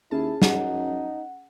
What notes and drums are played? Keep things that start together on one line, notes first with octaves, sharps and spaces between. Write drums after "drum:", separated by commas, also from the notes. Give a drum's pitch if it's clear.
D#2 C#4 E4 G#4 A5
F#2 D#4 F#5, drum: snare